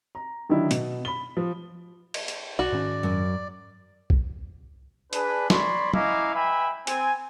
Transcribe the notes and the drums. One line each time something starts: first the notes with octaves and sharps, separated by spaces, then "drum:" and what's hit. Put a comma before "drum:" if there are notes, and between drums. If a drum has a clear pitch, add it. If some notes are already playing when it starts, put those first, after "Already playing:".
A#5
D3 D#3 F#3 D4 E4
B2, drum: hi-hat
B5 G7
F3
drum: cymbal
drum: hi-hat
B1 F#4 D5
G#2 D#3 C#4
F#2
drum: kick B1
D4 G#4 B4, drum: hi-hat
C#5 D5 B5 C6, drum: snare
C#4 E4 D#5 F5 A#5 D6, drum: tom
B4 E5 G5 G#5 B5
C4 G#5, drum: hi-hat